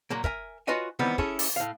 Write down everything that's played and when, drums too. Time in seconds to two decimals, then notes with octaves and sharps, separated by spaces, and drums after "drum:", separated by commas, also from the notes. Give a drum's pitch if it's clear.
0.10 A#2 F#3 A#3
0.24 A#4 E5 G#5, drum: kick
0.67 F4 F#4 B4 C#5 D#5 G#5
0.99 D#3 E3 F#3 G3 B3 C4
1.18 C#4 E4 G#4 A4, drum: kick
1.39 drum: open hi-hat
1.56 A2 F5